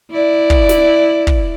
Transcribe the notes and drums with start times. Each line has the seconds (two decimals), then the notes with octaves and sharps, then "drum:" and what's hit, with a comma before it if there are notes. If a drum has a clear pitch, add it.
0.11 E4 D5
0.50 drum: kick
0.69 drum: snare
1.27 drum: kick